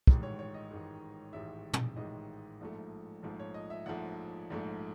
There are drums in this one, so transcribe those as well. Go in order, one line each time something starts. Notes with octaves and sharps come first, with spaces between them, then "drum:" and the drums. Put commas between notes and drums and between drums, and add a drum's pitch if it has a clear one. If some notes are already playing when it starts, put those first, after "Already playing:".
A1 G#2 D#3 G#3, drum: kick
C#5
C#5
D#5
A1 G#2 D#3 G#3
A1 G#2 D#3 G#3 E5
drum: tom
A1 G#2 D#3 G#3 D#5
A#1 G#2 F3 A3
A#1 G#2 F3 A3
C#5
D#5
E5
A#1 G#2 F3 A3 F#5
A#1 G#2 F3 A3